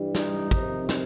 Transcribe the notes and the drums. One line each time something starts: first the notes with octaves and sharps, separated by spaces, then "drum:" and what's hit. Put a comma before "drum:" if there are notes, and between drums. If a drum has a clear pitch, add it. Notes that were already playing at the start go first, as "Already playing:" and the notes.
Already playing: G2 E3 G3
D#4, drum: snare
F2 C3 D#3, drum: kick
drum: snare